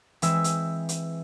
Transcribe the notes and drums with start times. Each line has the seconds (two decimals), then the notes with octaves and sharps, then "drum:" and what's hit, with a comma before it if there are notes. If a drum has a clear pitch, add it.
0.22 E3 G#3 C4 E5 E6, drum: hi-hat
0.44 drum: hi-hat
0.89 drum: hi-hat